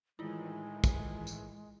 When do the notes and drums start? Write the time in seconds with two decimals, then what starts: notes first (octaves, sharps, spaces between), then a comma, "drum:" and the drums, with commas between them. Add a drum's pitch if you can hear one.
0.19 A2 D#3 E3 G#3 E4 F4
0.84 drum: kick, tambourine
1.27 drum: tambourine